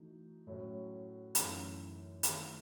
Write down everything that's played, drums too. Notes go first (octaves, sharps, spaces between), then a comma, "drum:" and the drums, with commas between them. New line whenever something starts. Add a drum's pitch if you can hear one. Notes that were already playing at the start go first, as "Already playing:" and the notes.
Already playing: E3 A3 D#4 F#4
A2 F#3 C#4
F#2 E3 A3 D#4, drum: hi-hat
D#3 A3 E4 A4, drum: hi-hat